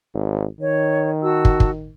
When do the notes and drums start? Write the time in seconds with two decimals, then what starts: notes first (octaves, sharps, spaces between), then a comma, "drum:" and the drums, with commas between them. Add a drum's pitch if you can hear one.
0.15 G#1
0.60 D#3 C#5
1.23 F#4 A5 E6
1.45 drum: kick
1.60 drum: kick